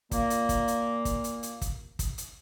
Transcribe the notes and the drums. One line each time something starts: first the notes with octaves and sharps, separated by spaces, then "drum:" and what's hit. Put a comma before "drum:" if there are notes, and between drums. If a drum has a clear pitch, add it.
A#2 A#3, drum: kick, hi-hat
drum: hi-hat
drum: kick, hi-hat
drum: hi-hat
drum: kick, hi-hat
drum: hi-hat
drum: hi-hat
drum: kick, hi-hat
drum: kick, hi-hat
drum: hi-hat